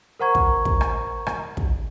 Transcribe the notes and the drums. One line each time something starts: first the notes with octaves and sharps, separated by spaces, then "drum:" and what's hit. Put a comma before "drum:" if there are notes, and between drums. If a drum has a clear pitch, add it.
A#4 C5 F#5 A#5 C#6 G#6
drum: kick
drum: kick
drum: rim click
drum: rim click
drum: kick